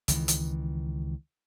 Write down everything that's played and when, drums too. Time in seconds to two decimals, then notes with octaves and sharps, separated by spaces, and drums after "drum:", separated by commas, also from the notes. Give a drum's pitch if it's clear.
0.08 C#2 D#3 E3, drum: hi-hat
0.28 drum: hi-hat